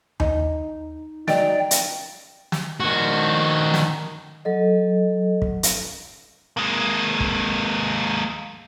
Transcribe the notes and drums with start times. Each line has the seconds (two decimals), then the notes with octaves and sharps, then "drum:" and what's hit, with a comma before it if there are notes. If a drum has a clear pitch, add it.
0.20 D#4, drum: tom D#2
1.28 F#3 G#3 D#4 D5 G5, drum: snare
1.71 drum: hi-hat
2.52 drum: snare
2.80 D#3 F#4
3.74 drum: snare
4.45 F#3 A4 D#5
5.42 drum: kick
5.63 drum: hi-hat
6.57 G#3 A#3
7.20 drum: kick